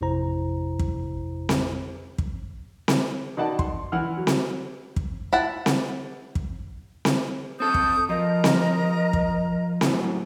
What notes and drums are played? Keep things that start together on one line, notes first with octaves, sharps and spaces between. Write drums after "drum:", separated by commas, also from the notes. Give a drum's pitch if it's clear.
A1 F2 C3 E4 C5 A#5
drum: kick
drum: snare C4
drum: kick
drum: snare C4
B2 D#3 D5 D#5 F#5 A5
C6, drum: kick
E3 F#5 F6
F#3
drum: snare C4
drum: kick
E4 F#5 A5
drum: snare C4
drum: kick
drum: snare C4
C4 A4 D#6 G6
drum: kick
F3 A#4 D#5 A#5
drum: snare C4
drum: kick
F#2 A2, drum: snare C4